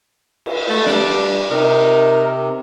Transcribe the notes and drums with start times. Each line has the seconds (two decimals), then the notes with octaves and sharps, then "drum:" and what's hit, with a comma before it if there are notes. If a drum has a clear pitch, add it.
0.46 drum: cymbal
0.68 A3
0.86 G3 D4, drum: snare
1.51 C3 D#4 A#4